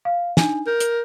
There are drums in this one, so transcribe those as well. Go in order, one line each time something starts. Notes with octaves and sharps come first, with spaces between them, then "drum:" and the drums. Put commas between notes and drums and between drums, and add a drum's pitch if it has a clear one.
F5
D4 D#4 G#5, drum: snare
A#4 G6
drum: hi-hat